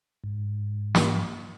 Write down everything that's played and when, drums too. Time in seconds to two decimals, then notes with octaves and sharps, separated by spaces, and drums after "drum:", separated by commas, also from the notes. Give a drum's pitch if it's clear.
0.24 G#2
0.95 drum: snare